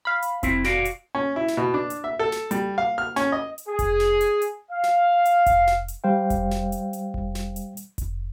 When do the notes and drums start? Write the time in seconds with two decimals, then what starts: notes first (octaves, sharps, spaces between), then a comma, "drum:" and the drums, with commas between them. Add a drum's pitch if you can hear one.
0.05 F5 B5
0.22 drum: hi-hat
0.43 C4 E4, drum: kick F1, hi-hat
0.64 F#4 D5 F5, drum: snare
0.85 drum: hi-hat
1.15 C#4
1.36 E4
1.48 drum: snare
1.57 B2
1.74 D4
1.90 drum: hi-hat
2.04 E5
2.19 A4
2.32 drum: snare
2.51 G3, drum: hi-hat
2.78 F5
2.98 F6
3.16 C#4, drum: snare
3.32 D#5
3.58 drum: hi-hat
3.68 G#4
3.79 drum: kick F1, hi-hat
4.00 drum: snare
4.21 drum: hi-hat
4.42 drum: hi-hat
4.71 F5
4.84 drum: snare
5.25 drum: hi-hat
5.46 drum: kick F1, hi-hat
5.67 drum: snare
5.88 drum: hi-hat
6.04 G3 C5 F5 G5
6.30 drum: kick F1, hi-hat
6.51 drum: snare
6.72 drum: hi-hat
6.93 drum: hi-hat
7.14 drum: kick F1
7.35 drum: snare
7.56 drum: hi-hat
7.77 drum: hi-hat
7.98 drum: kick F1, hi-hat